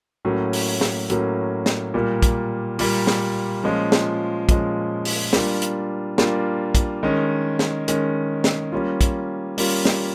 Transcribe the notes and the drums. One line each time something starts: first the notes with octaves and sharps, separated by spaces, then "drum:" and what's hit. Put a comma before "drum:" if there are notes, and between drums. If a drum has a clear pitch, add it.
A2 F#3 A#3 C#4
drum: open hi-hat
drum: snare
A2 F#3 A#3 C#4, drum: hi-hat
drum: snare
A#2 G3 A#3
drum: kick, hi-hat
A#2 G3 A#3, drum: open hi-hat
drum: snare
A#2 F3 G#3 C#4
drum: snare
A#2 F3 G#3 C#4, drum: kick, hi-hat
drum: open hi-hat
G3 A#3 D4 F4, drum: snare
drum: hi-hat
G3 A#3 D4 F4, drum: snare
drum: kick, hi-hat
D#3 G#3 C#4
drum: snare
D#3 G#3 C#4, drum: hi-hat
drum: snare
G3 A#3 C#4 F4
drum: kick, hi-hat
G3 A#3 C#4 F4, drum: open hi-hat
drum: snare